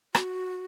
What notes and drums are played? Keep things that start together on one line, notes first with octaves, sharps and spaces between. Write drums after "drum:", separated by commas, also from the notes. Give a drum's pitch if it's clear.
F#4, drum: rim click